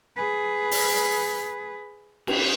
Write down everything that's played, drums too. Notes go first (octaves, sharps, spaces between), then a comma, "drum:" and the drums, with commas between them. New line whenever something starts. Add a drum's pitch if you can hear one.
G#4 B4
drum: open hi-hat
drum: cymbal